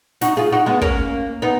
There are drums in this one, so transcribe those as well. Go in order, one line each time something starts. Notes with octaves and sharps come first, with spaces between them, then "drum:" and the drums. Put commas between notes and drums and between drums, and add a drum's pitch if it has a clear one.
D#4 F#4, drum: snare
F4 G#4
D#4 F#4
G#3 B3
A#3 C#4, drum: kick
B3 D#4